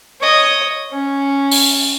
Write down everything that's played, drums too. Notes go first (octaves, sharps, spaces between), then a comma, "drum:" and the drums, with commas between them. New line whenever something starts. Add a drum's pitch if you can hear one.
C#5 D#5
C#4
drum: open hi-hat